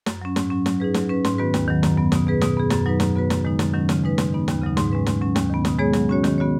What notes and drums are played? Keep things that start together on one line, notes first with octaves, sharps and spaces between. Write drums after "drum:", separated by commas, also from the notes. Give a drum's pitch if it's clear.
F#2, drum: snare
F#3 C#4
G#2, drum: snare
F#3 C#4
F#3, drum: snare
D#4 G#4 B4
F#3, drum: snare
C#4 B4
G#2, drum: snare
D#3 B3 F#4 B4
D#2, drum: snare
D#3 F#3
F#2, drum: snare
F#3 B3
B2, drum: snare
B3 G#4 B4
B2, drum: snare
B3 G#4
F#2, drum: snare
F#3 D#4 B4
F#2, drum: snare
C#3 B3 F#4 B4
F#2, drum: snare
D#3 G#3 D#4
F#2, drum: snare
D#3 F#3 C#4
C#3, drum: snare
G#3 D#4 B4
G#2, drum: snare
D#3 B3 D#4
D#2, drum: snare
C#3 F#3 D#4
G#2, drum: snare
G#3 C#4 B4
G#2, drum: snare
F#3 C#4
D#2, drum: snare
D#3 B3
B2, drum: snare
G#3 B3 G#4 C#5
F#3, drum: snare
C#4 F#4 C#5
D#3, drum: snare
B3 F#4 C#5